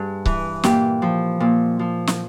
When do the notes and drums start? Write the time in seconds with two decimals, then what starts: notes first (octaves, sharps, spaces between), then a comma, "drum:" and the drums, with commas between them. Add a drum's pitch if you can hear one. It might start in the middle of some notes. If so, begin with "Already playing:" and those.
Already playing: G2 G#4
0.26 E3, drum: kick C#1
0.64 A#2 G4, drum: snare
1.02 F3
1.40 A#2
1.79 F3
2.07 drum: snare